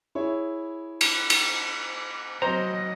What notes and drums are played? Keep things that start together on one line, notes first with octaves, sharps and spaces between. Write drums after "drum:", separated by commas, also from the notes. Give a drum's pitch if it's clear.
E4 G#4 C#5
drum: cymbal
drum: cymbal
F#3 C5 D#5 A#5